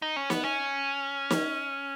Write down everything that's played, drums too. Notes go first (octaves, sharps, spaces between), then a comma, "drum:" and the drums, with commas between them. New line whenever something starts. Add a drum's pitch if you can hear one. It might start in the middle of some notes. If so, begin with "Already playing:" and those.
D#4
C#4
B3, drum: snare
C#4
drum: snare